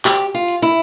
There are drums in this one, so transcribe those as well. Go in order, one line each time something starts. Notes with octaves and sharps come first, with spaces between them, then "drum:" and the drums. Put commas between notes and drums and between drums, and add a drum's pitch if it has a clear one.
G4, drum: clap
F4
drum: hi-hat
E4